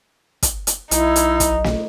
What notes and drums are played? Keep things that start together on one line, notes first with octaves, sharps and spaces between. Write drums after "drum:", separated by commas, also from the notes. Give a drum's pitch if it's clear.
drum: kick, hi-hat
drum: hi-hat
B1 D#4 E4, drum: hi-hat
drum: hi-hat
drum: kick, hi-hat
drum: snare